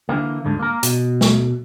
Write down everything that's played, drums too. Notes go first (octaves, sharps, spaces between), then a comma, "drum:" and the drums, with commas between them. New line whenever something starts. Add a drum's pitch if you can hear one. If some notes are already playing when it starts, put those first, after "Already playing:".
D3 E3 A#3
D2 G#2 D3
A#3 A#4
B2, drum: hi-hat
drum: snare